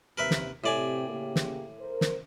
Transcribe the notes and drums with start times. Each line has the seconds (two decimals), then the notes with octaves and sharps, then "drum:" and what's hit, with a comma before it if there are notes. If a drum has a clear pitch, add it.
0.18 D#2 C3 A#4 B4 E5
0.31 drum: snare
0.64 A2 C3 G4 D5 G#5
1.09 C#3 A#3 G4
1.36 drum: snare
1.80 A#4 C5
2.01 drum: snare